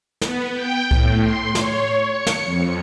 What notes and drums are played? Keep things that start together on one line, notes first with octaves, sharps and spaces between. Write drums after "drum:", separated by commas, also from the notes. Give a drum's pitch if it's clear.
B3, drum: snare
G5
A2, drum: kick C2
C6
C#5, drum: snare
C#7
drum: snare
F2